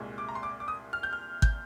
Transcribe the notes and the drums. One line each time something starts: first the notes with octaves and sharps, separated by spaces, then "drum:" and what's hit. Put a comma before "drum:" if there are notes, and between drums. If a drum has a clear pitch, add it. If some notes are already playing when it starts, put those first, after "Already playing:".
Already playing: C2 A#2 G#3
D6
A#5
C6
D6
D6
D#6
F6
G6
F6
G6, drum: kick